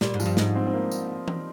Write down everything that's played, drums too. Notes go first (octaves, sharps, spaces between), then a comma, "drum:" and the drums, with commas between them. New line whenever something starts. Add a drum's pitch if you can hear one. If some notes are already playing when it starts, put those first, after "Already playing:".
A#2 G3, drum: snare
G#2
F3, drum: tambourine
G2
G#2 D#4, drum: snare
C4
C4
A#3
drum: tambourine
drum: tom E3